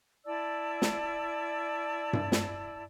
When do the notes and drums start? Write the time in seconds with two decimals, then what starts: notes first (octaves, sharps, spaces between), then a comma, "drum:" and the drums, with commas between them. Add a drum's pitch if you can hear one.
0.25 E4 D5 A5 E6
0.82 drum: snare
2.13 drum: tom G2
2.32 drum: snare